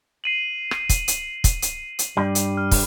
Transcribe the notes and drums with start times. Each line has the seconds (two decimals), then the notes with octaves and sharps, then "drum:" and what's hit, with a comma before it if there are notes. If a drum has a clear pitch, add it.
0.24 C7 D#7 F#7
0.71 drum: rim click
0.89 drum: kick, hi-hat
1.08 drum: hi-hat
1.44 drum: kick, hi-hat
1.62 drum: hi-hat
1.99 drum: hi-hat
2.17 G2 G3
2.35 drum: hi-hat
2.57 F6
2.71 drum: kick, open hi-hat